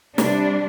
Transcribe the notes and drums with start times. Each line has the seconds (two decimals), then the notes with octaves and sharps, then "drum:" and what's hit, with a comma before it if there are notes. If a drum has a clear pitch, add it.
0.18 C3 G3 D4, drum: snare